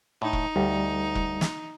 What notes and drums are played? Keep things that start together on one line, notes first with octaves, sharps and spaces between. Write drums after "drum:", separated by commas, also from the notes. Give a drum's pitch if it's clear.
A2 D#4
drum: kick E1
D2 G3
drum: kick E1
drum: snare